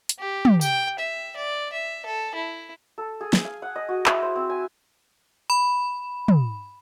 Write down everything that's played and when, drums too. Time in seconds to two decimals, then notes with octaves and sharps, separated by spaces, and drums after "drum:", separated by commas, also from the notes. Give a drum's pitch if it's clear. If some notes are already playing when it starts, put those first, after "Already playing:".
0.09 drum: hi-hat
0.19 G4
0.45 drum: tom
0.61 G5, drum: tambourine
0.99 E5
1.36 D5
1.73 E5
2.06 A4
2.35 E4
2.98 A4
3.21 G#4
3.33 G#5, drum: snare
3.45 F5
3.62 F#5
3.76 D#5
3.89 F#4
4.06 E4, drum: clap
4.22 C5
4.36 C4
4.50 G#5
5.50 B5
6.28 drum: tom